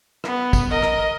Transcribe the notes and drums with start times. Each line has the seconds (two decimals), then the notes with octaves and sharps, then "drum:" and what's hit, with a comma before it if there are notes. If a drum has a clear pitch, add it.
0.24 B3, drum: rim click
0.53 drum: kick, tambourine
0.70 A#4 D#5
0.82 drum: rim click